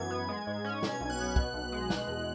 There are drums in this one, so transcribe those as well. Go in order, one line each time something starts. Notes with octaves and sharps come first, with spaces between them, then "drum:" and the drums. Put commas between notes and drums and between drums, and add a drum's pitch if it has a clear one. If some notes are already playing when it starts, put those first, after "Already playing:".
Already playing: F#2 E3 B3 G#6
B3
G#3
G#2
C#4
B2 G#6, drum: snare
B1
F#6
B3
B2, drum: kick
B1
G#3
B2, drum: snare
E2